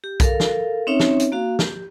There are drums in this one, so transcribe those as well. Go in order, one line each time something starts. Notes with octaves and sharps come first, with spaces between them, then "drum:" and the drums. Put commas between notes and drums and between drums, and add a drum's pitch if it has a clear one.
G4
A4 A#4 F5, drum: kick B1, hi-hat
drum: snare
C4 C#4 D#4 C#5 E5
drum: snare
drum: hi-hat
A#3 F#4 F5
G4, drum: snare